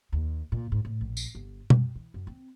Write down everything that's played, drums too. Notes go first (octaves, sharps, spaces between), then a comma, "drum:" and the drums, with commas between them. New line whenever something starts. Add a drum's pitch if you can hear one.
D#2
A#2
G#2
A2
A#1
drum: tambourine
G1
F#2, drum: tom B2
E3
F#2
C4